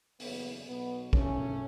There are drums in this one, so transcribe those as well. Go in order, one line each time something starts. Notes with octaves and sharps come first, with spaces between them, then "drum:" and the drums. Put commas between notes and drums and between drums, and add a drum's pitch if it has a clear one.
F#1 E2 C#3 B3, drum: open hi-hat
B1 B2 B3
G#1 F#2 C#3 E3 A3 C#4, drum: kick